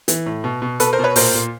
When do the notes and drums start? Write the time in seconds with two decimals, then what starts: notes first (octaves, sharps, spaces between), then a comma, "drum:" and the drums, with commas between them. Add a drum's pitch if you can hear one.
0.08 E3, drum: hi-hat
0.26 A2
0.44 B2
0.62 B2
0.80 B2 A4 B4, drum: hi-hat
0.93 A#4 C5
0.99 B2
1.04 B4 C#5
1.16 A#2 A#4 C5, drum: open hi-hat
1.34 A#2